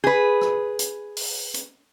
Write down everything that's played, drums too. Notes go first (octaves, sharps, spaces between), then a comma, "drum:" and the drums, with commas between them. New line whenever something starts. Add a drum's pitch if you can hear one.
G#4 B4
drum: rim click
drum: hi-hat
drum: open hi-hat
drum: hi-hat